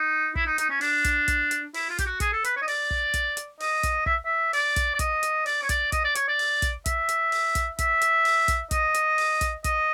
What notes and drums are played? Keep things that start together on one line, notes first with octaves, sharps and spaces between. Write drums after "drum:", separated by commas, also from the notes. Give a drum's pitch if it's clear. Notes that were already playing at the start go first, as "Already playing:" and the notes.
Already playing: D#4
E4, drum: kick
D#4
D#4, drum: hi-hat
C#4
D4, drum: open hi-hat
drum: kick, hi-hat
drum: kick, hi-hat
drum: hi-hat
E4, drum: open hi-hat
F4
G4, drum: kick, hi-hat
F#4
G#4, drum: kick, hi-hat
A4
B4, drum: hi-hat
C#5
D#5
D5, drum: open hi-hat
drum: kick
drum: kick, hi-hat
drum: hi-hat
D#5, drum: open hi-hat
drum: kick, hi-hat
E5, drum: kick
E5
D5, drum: open hi-hat
drum: kick, hi-hat
D5
D#5, drum: kick, hi-hat
drum: hi-hat
D5, drum: open hi-hat
C#5
D5, drum: kick, hi-hat
D#5, drum: kick, hi-hat
D5
C#5, drum: hi-hat
D5
drum: open hi-hat
drum: kick, hi-hat
E5, drum: kick, hi-hat
drum: hi-hat
drum: open hi-hat
drum: kick, hi-hat
E5, drum: kick, hi-hat
drum: hi-hat
drum: open hi-hat
drum: kick, hi-hat
D#5, drum: kick, hi-hat
drum: hi-hat
drum: open hi-hat
drum: kick, hi-hat
D#5, drum: kick, hi-hat